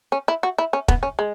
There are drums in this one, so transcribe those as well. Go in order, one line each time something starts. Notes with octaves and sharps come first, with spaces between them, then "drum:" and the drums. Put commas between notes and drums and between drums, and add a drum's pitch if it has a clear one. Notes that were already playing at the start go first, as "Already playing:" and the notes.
C#4
E4
F#4
E4
C#4
B3, drum: kick E1
C#4
G#3